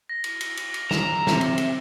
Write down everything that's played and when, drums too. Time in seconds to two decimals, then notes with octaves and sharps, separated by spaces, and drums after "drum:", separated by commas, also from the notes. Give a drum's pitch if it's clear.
0.09 A#6
0.24 drum: cymbal
0.41 drum: cymbal
0.57 drum: cymbal
0.74 drum: cymbal
0.91 A#5 E7, drum: snare
1.27 C3, drum: snare
1.41 drum: cymbal
1.58 drum: cymbal